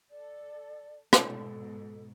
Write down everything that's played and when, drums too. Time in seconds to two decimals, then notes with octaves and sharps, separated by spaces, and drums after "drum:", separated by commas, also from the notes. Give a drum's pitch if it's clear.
0.11 A4 D5
1.13 G#2 B2 A4, drum: rim click